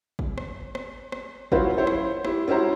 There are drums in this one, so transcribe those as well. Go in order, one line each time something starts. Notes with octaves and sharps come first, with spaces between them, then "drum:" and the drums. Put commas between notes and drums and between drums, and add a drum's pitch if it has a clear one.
drum: kick
drum: rim click
drum: rim click
drum: rim click
F#3 C#4 E4 F4 B4 C5, drum: kick
E4 C5 C#5
drum: rim click
E4 G4, drum: rim click
C#4 E4 F#4 C5 A#5